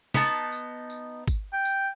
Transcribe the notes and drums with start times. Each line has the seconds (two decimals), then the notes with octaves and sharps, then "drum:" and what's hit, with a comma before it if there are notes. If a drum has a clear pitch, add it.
0.14 B3 D#4 A5, drum: snare
0.52 drum: tambourine
0.90 drum: tambourine
1.28 drum: kick, tambourine
1.53 G5
1.65 drum: tambourine